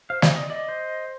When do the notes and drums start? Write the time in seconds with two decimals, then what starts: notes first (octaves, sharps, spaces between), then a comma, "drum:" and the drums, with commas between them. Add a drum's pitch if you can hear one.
0.10 C5 F5
0.22 C5 D#5, drum: snare
0.36 D5 D#5
0.49 D5 D#5
0.68 C5